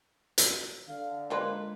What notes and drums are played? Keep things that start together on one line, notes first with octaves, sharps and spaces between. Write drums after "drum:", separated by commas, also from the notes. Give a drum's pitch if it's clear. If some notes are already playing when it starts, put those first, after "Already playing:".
drum: hi-hat
D3 F5
G#3 A#3 D4 F4 B4 C5 D5